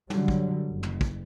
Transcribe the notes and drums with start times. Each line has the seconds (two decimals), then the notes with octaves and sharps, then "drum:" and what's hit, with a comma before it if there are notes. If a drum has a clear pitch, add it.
0.10 D3 F#3 G3, drum: tom
0.28 drum: kick
0.69 F#1
0.83 drum: tom
1.01 drum: kick